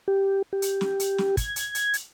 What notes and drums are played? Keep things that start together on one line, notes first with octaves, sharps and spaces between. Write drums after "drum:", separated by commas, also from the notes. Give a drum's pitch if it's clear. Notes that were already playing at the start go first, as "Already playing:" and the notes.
G4
G4
drum: hi-hat
drum: snare
drum: hi-hat
drum: snare
G#6, drum: kick, hi-hat
drum: hi-hat
drum: hi-hat
drum: hi-hat